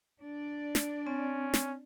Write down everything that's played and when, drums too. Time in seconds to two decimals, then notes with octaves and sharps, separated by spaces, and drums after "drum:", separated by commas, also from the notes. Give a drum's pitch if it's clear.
0.22 D4 D5
0.75 drum: snare
1.07 C4 C#4
1.54 drum: snare